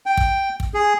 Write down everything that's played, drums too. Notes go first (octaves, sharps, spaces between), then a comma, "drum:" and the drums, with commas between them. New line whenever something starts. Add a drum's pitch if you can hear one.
G5
drum: kick
drum: kick
G#4